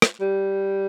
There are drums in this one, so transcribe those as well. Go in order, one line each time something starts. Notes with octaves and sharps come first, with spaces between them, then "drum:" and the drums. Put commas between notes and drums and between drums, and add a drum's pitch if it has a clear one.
drum: rim click
G3